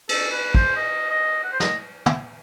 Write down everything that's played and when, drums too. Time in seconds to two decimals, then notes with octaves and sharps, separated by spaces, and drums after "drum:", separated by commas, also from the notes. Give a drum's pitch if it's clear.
0.09 A4, drum: cymbal
0.31 B4
0.55 C5, drum: kick
0.76 D#5
1.10 D#5
1.44 F#5
1.52 C5
1.60 D#5, drum: snare
2.06 drum: tom